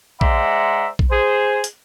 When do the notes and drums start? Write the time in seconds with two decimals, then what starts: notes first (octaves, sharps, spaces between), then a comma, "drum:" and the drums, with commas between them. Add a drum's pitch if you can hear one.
0.21 G#3 C5 D5 E5 F#5 A#5, drum: kick
0.99 drum: kick
1.11 G#4 C5
1.64 drum: hi-hat